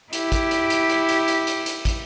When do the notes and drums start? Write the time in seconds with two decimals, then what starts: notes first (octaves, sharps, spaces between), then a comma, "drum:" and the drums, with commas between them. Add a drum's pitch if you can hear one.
0.13 E4 G4, drum: hi-hat
0.32 drum: kick, hi-hat
0.51 drum: hi-hat
0.70 drum: hi-hat
0.89 drum: hi-hat
1.09 drum: hi-hat
1.28 drum: hi-hat
1.47 drum: hi-hat
1.66 drum: hi-hat
1.85 drum: kick, hi-hat